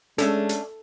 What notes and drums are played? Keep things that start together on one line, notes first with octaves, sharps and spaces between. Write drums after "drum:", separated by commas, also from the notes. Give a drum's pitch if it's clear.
G#3 A3 C#4 D4 A4, drum: hi-hat
drum: hi-hat